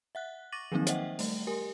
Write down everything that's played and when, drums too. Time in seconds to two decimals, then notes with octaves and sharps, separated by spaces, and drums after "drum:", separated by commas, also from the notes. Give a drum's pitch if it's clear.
0.15 E5 F#5 F#6
0.52 C#6 D6 A6 A#6 D#7 F#7
0.72 D#3 F3 F#3 A#3 C4 D#4
0.87 C5 D#5 E5 F#5 G5, drum: hi-hat
1.19 G3 A3, drum: open hi-hat
1.47 G4 A#4 G#5